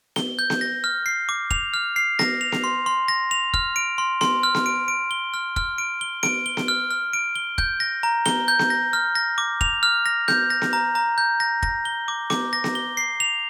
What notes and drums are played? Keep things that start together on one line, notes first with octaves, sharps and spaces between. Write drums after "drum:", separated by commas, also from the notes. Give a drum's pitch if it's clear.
G7, drum: snare B3
G6
drum: snare B3
A#6
F6
C7
D6
F7, drum: kick
F6
C7
A#6, drum: snare B3
F7
drum: snare B3
C6
C6
A#6
F7
F6, drum: kick
D7
C6
C6, drum: snare B3
F6
drum: snare B3
D7
D7
G7
F6
F6, drum: kick
D7
G7
D7, drum: snare B3
G7
drum: snare B3
F6
F6
D7
G7
G6, drum: kick
A#6
A#5
G7, drum: snare B3
G6
drum: snare B3
A#6
F6
A#6
D6
F7, drum: kick
F6
A#6
G6, drum: snare B3
A#6
drum: snare B3
A#5
A#5
G6
A#6
A#6, drum: kick
G7
D6
D6, drum: snare B3
A#6
drum: snare B3
G7
C7
F7